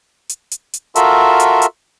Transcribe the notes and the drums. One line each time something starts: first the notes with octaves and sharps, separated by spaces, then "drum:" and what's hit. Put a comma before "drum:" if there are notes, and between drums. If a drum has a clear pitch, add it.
drum: hi-hat
drum: hi-hat
drum: hi-hat
F4 F#4 A4 A#4 E5, drum: hi-hat
drum: hi-hat
drum: hi-hat